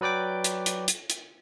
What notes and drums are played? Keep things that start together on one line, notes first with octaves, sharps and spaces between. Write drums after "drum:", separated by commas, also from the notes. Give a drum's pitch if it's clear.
F#3 B4 D5 G5 D6
drum: hi-hat
drum: hi-hat
drum: hi-hat
drum: hi-hat